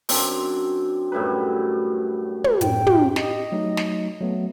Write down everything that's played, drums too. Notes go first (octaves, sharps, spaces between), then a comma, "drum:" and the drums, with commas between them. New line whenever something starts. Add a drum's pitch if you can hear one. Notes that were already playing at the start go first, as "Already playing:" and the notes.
F#2 C4 D4 C6, drum: open hi-hat
F#2 A2 G3 B4
drum: tom
F#2 A2 G5, drum: hi-hat
drum: tom
G4 D#5 G5, drum: snare
F#3 A3 D#4
drum: snare
F#3 A3 B3